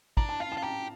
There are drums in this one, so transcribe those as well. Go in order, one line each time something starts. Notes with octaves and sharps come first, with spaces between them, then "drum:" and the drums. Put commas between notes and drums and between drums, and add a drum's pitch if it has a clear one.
D4 A#5, drum: kick
A5
F4 F5
A5
F4
G4 A#5